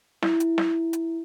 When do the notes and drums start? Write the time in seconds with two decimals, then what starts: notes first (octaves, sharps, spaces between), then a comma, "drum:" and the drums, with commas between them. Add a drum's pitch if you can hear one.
0.23 E4, drum: snare
0.40 drum: hi-hat
0.58 drum: snare
0.93 drum: hi-hat